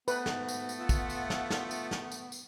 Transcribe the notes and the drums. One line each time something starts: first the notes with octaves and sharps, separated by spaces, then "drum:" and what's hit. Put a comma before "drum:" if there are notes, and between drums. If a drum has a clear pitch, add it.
A3 B3 B4 C5, drum: tambourine
G#2 F#4, drum: snare
drum: tambourine
drum: tambourine
F4 E5 F#5
drum: kick, tambourine
drum: tambourine
drum: snare
drum: snare
drum: tambourine
drum: snare
drum: tambourine
drum: tambourine